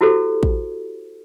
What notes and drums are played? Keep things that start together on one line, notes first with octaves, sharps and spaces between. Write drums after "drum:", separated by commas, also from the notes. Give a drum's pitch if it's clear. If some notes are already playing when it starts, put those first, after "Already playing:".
E4 F#4 G4 A4 C5
drum: kick